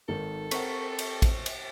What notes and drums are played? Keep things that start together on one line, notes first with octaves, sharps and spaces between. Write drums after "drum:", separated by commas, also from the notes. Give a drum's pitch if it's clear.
G#1 D#3 A4
C4 A#4 F#5 C#6 B6, drum: cymbal
drum: cymbal
drum: kick, cymbal
drum: cymbal